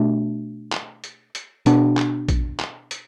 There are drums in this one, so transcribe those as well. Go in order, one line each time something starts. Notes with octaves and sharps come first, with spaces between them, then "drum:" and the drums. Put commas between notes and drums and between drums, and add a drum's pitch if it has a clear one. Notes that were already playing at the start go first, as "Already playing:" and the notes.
Already playing: B2 A3 D4
drum: clap
drum: hi-hat
drum: hi-hat
B2 B3 D4, drum: hi-hat
drum: clap
drum: kick A#1, hi-hat
drum: clap
drum: hi-hat